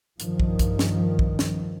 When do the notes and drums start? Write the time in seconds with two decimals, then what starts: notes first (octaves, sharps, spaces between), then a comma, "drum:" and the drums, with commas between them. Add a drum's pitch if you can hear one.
0.20 G2 D#3 F3, drum: hi-hat
0.40 drum: kick
0.59 drum: kick, hi-hat
0.79 drum: snare
1.19 drum: kick
1.39 drum: snare